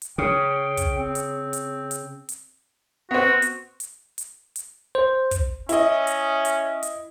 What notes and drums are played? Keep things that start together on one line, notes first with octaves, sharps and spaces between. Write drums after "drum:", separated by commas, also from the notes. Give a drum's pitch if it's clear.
drum: hi-hat
C#3 G5
drum: kick, hi-hat
C4
drum: hi-hat
drum: hi-hat
drum: hi-hat
drum: hi-hat
B3 C4 F#4
drum: hi-hat
drum: hi-hat
drum: hi-hat
drum: hi-hat
C5
drum: kick, hi-hat
C#4 E4 D#5, drum: hi-hat
drum: hi-hat
drum: hi-hat
drum: hi-hat